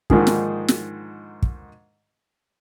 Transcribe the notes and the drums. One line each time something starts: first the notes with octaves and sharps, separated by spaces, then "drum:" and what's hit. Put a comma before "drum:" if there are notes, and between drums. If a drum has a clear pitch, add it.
G#2 D3 D#3 F3 A#3 G#4, drum: kick
drum: snare
drum: snare
drum: kick